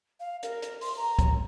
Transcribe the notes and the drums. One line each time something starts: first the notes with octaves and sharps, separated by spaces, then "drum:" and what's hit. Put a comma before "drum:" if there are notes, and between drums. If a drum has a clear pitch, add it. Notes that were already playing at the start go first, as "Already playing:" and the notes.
F5
A#4, drum: hi-hat
drum: hi-hat
C6, drum: open hi-hat
A#5
drum: kick, hi-hat